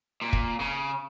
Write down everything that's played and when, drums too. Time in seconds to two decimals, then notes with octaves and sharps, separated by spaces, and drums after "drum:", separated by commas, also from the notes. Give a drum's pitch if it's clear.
0.22 A#2
0.33 drum: kick
0.60 C#3